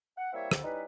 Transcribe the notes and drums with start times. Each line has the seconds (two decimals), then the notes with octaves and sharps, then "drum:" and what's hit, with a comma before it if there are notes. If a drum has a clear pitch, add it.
0.17 F#5
0.33 G3 A#3 C4 E4 C#5 E5
0.51 F2 D3, drum: rim click
0.64 G3 C#4 D#4 E4 B4